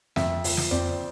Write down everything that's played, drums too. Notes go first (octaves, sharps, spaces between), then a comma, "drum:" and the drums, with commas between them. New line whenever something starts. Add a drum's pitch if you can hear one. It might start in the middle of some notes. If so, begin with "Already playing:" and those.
F2 E5, drum: snare
F3, drum: open hi-hat
drum: snare
C4 D5, drum: tom F2